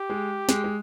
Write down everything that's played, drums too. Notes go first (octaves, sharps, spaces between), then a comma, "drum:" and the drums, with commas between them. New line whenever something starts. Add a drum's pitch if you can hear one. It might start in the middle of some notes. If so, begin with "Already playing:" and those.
Already playing: G4
G#3
G#3, drum: snare
G#3